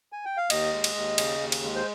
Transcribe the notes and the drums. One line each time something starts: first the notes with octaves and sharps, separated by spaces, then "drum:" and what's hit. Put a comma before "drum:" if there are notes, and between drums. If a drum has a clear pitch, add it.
G#5
G5
F5
D#2 D#5, drum: cymbal
G#3
drum: cymbal
D#2
C#3, drum: cymbal
D#2
drum: cymbal
G#3
C5